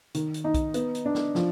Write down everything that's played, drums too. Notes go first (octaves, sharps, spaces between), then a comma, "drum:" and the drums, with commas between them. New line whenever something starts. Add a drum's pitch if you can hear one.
D#3, drum: hi-hat
drum: hi-hat
D#4
drum: kick B1, hi-hat
B3, drum: hi-hat
drum: hi-hat
D4
drum: snare
F3, drum: snare